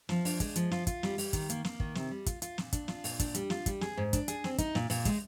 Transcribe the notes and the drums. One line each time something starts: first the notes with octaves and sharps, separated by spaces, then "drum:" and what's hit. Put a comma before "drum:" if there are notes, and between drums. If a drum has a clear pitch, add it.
F3, drum: snare
D4, drum: open hi-hat
G#3, drum: kick, hi-hat
F3, drum: hi-hat
F4, drum: snare
F4, drum: kick, hi-hat
G3, drum: snare
G3, drum: open hi-hat
D#3, drum: kick, hi-hat
A#3, drum: hi-hat
A#3, drum: snare
D#3, drum: kick
C3, drum: snare
G3
F4, drum: kick, hi-hat
F4, drum: hi-hat
A#2, drum: snare
D4, drum: kick, hi-hat
F4, drum: snare
A#2, drum: open hi-hat
D4, drum: kick, hi-hat
G3, drum: hi-hat
F4, drum: snare
G3, drum: kick, hi-hat
G#4, drum: snare
G#2
D4, drum: kick, hi-hat
G#4, drum: hi-hat
C4, drum: snare
D#4, drum: kick, hi-hat
A#2, drum: snare
A#2, drum: open hi-hat
G#3, drum: kick, hi-hat